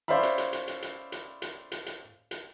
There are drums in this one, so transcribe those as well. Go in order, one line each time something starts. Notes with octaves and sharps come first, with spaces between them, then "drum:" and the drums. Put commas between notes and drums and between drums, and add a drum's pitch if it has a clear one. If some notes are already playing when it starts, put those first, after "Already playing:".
C#4 C5 D5 E5 F5 B5
drum: hi-hat
drum: hi-hat
drum: hi-hat
drum: hi-hat
drum: hi-hat
drum: hi-hat
drum: hi-hat
drum: hi-hat
drum: hi-hat
drum: hi-hat